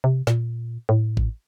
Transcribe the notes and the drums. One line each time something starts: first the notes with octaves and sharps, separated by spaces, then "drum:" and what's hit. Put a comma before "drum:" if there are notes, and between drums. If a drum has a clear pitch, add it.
C3
A#2, drum: snare
A2
drum: kick A1